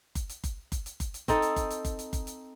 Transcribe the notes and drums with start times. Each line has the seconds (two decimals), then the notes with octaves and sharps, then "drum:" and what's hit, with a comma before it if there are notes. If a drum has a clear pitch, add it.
0.15 drum: kick F#1, hi-hat
0.29 drum: hi-hat
0.44 drum: kick F#1, hi-hat
0.72 drum: kick F#1, hi-hat
0.86 drum: hi-hat
1.00 drum: kick F#1, hi-hat
1.14 drum: hi-hat
1.28 C4 D#4 A4, drum: kick F#1, hi-hat
1.42 drum: hi-hat
1.56 drum: kick F#1, hi-hat
1.70 drum: hi-hat
1.85 drum: kick F#1, hi-hat
1.99 drum: hi-hat
2.13 drum: kick F#1, hi-hat
2.27 drum: hi-hat